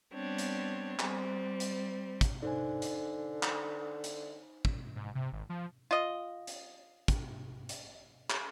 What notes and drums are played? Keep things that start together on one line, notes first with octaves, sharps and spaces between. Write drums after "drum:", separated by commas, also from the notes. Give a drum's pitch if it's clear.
G3 B3 C4 D4 C#5
drum: hi-hat
G3 C4, drum: clap
drum: hi-hat
drum: kick, hi-hat
D3 D#4 C5 G#5
drum: hi-hat
drum: clap
drum: hi-hat
drum: kick
G#2
C3
G#1
F3
F4 D#5
drum: hi-hat
drum: kick, hi-hat
drum: hi-hat
drum: clap